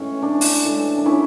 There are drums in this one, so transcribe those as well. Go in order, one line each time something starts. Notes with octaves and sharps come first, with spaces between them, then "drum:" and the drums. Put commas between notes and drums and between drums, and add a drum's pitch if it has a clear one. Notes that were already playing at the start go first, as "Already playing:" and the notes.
Already playing: A2 E3 G#3 C#4
D4
drum: open hi-hat
A2 E3 G#3
D4
C#4 E4